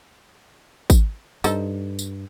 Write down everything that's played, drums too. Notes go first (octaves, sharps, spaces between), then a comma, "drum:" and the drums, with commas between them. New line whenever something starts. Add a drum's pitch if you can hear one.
drum: kick G#1, tambourine
G2 D#4 A4 C5, drum: tambourine
drum: tambourine